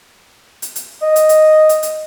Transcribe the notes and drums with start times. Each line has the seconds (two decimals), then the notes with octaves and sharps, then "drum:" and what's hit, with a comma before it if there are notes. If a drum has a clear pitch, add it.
0.62 drum: hi-hat
0.76 drum: hi-hat
1.02 D#5
1.16 drum: hi-hat
1.29 drum: hi-hat
1.69 drum: hi-hat
1.83 drum: hi-hat